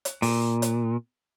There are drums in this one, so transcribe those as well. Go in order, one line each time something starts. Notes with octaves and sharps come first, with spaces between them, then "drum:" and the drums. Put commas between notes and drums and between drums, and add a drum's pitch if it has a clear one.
drum: hi-hat
A#2, drum: open hi-hat
drum: hi-hat